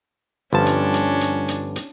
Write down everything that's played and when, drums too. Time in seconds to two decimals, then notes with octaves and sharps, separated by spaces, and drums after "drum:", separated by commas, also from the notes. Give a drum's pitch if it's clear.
0.53 G1 F3 C#4 D4 A5
0.66 drum: hi-hat
0.94 drum: hi-hat
1.21 drum: hi-hat
1.48 drum: hi-hat
1.76 drum: hi-hat